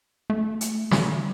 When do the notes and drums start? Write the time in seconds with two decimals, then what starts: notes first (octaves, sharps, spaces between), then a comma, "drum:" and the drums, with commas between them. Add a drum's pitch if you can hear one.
0.30 A3
0.61 drum: hi-hat
0.91 G3, drum: snare